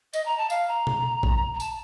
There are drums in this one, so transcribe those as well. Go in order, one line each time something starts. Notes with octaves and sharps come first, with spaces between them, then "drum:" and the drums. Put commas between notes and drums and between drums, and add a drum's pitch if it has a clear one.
D#5, drum: tambourine
A#5
A5
F5, drum: tambourine
A#5
drum: tom B2
drum: kick A1
A#5
A5, drum: tambourine